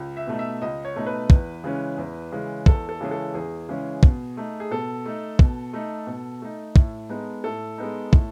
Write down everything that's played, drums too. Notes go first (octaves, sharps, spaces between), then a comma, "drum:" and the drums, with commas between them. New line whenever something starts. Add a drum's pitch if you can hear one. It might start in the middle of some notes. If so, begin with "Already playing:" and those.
Already playing: C#2
E5
B2 A3 D#4
E5
C#2 D#5
C#5
B2 A3 D#4
B4
E2, drum: kick
C#3 E3 G#3 C#4
E2
C#3 E3 G#3 C#4
E2 A4, drum: kick
A4
C#3 E3 G#3 C#4 G#4
A4
E2 G#4
C#3 E3 G#3 C#4
B2, drum: kick
A3 D#4
G#4
B2 A4
A3 D#4
B2, drum: kick
A3 D#4
B2
A3 D#4
A2, drum: kick
G#3 B3 D#4
A2 A4
G#3 B3 D#4
A2, drum: kick